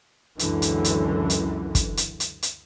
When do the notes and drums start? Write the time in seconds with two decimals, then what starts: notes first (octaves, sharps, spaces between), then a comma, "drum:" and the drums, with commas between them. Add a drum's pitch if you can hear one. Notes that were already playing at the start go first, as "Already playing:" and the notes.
0.39 C#2 F#2 D3 E3, drum: hi-hat
0.62 drum: hi-hat
0.84 drum: hi-hat
1.30 drum: hi-hat
1.75 drum: kick, hi-hat
1.97 drum: hi-hat
2.20 drum: hi-hat
2.43 drum: hi-hat